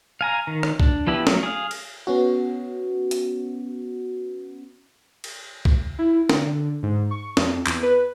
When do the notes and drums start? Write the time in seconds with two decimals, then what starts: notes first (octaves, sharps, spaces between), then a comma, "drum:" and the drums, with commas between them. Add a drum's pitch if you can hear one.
0.21 F5 G#5 A#5
0.47 D#3
0.63 drum: rim click
0.80 D4, drum: kick B1
1.07 F3 B3 E4 G4
1.27 F#3 A3 A#3, drum: snare
1.43 G#4 F5
1.71 drum: cymbal
2.07 B3 C#4 F#4
3.11 drum: hi-hat
5.24 drum: cymbal
5.65 drum: kick B1
5.99 E4
6.29 D3, drum: snare
6.46 D3
6.83 G#2
7.11 C#6
7.37 F2, drum: snare
7.66 E2, drum: clap
7.83 B4